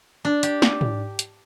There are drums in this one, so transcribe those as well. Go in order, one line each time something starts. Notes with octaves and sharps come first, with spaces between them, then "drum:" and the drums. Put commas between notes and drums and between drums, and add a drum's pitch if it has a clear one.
D4
G4, drum: hi-hat
drum: snare
drum: tom
drum: hi-hat